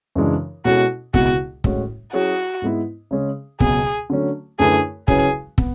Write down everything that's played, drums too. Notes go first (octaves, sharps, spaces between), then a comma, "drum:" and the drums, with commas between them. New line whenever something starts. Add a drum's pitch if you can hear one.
F#2 C#3 E3 G#3 D4
B2 G#3 C#4 E4 F#4 A4
C#2 B2 G#3 B3 E4 F#4, drum: kick
A2 G#3 C#4 F#4, drum: kick
F#3 C#4 E4 F#4 G#4 C#5
G#2 G#3 B3 E4
C#3 G#3 C#4 G#4
C#2 B2 F#3 B3 G#4, drum: kick
D3 F#3 A3 C#4
F#2 D3 A3 E4 G#4 B4
C#3 F#3 C#4 E4 G#4 B4, drum: kick
B3, drum: kick